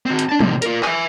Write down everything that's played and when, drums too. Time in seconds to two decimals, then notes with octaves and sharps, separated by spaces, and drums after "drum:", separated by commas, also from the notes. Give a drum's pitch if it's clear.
0.06 C4 F#4
0.19 drum: hi-hat
0.29 D4 A5
0.40 A2 C3, drum: tom
0.62 F4 A#4, drum: hi-hat
0.83 E5 G#5, drum: clap